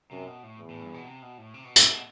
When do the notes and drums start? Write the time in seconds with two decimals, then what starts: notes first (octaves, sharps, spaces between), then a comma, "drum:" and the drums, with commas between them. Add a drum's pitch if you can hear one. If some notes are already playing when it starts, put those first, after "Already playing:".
0.11 F#2 C3
0.27 B2
0.43 A2
0.59 E2
0.70 A2
0.83 G2
0.94 B2
1.06 C3
1.22 B2
1.38 A2
1.54 C3
1.65 B2
1.76 A2, drum: tambourine
1.88 B2